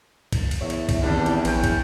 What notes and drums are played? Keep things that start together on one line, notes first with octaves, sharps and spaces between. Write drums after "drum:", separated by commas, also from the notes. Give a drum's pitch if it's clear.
drum: kick, cymbal
drum: cymbal
E2 C#5 E5
drum: cymbal
drum: kick, cymbal
E2 D#3 G3 C4 D4 E4
drum: cymbal
A#1 C#4 B4 G5, drum: cymbal
drum: kick, cymbal